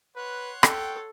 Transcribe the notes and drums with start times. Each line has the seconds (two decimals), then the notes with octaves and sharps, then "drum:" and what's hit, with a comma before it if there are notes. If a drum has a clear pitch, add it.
0.16 B4 C#5 F#5 C6
0.63 A4 G5, drum: rim click